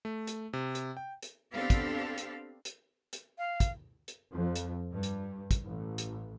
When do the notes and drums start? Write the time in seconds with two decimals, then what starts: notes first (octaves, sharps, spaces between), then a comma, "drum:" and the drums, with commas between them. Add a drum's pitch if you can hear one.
0.05 A3
0.27 drum: hi-hat
0.53 C3
0.75 drum: hi-hat
0.97 G5
1.23 drum: hi-hat
1.54 B3 C4 D4 G4 A4 F5
1.70 drum: kick, hi-hat
2.18 drum: hi-hat
2.65 drum: hi-hat
3.13 drum: hi-hat
3.38 F5
3.60 drum: kick, hi-hat
4.08 drum: hi-hat
4.32 F2
4.56 drum: hi-hat
4.92 G2
5.03 drum: hi-hat
5.51 drum: kick, hi-hat
5.65 A1
5.98 drum: hi-hat